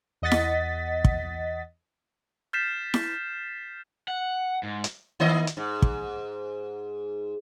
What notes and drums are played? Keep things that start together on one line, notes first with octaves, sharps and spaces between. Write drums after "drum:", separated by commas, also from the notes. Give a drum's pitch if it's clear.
E2 D#5 F#5 A6 B6
drum: snare E4
drum: kick
F6 G6 A6 B6 C7 E7
drum: snare E4
F#5
G#2
drum: hi-hat
D#3 A#3 D#5
drum: hi-hat
G#2
drum: kick